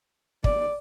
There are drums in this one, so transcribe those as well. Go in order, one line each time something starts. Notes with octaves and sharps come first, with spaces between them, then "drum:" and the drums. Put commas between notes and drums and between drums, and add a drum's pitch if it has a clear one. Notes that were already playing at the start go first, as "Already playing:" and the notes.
D5, drum: kick